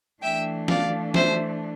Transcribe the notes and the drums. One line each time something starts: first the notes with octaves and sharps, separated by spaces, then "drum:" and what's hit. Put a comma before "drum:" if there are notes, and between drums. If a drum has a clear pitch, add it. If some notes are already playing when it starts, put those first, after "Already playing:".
E3 A3 D4 E5 G5
D5 F5, drum: snare
C5 E5, drum: snare